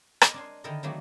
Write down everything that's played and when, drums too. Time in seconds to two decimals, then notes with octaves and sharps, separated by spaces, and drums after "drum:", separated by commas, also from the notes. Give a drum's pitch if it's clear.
0.21 A#4 D#5, drum: rim click
0.34 D4 G#5 C6
0.64 D3 D#3 E4 A4 A#4 D#5
0.83 D#3 F#3 A3 A#3 D4 F#4